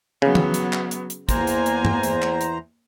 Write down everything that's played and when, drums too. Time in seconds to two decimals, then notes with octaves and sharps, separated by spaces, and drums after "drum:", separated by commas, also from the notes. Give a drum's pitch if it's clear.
0.22 C#3 F#3 B3
0.35 drum: tom
0.54 drum: hi-hat
0.73 drum: clap
0.91 drum: hi-hat
1.10 drum: hi-hat
1.29 E2 A#3 C5 G#5 A#5, drum: kick, hi-hat
1.47 drum: hi-hat
1.66 drum: hi-hat
1.85 drum: tom G2
2.03 drum: hi-hat
2.22 drum: clap
2.41 drum: hi-hat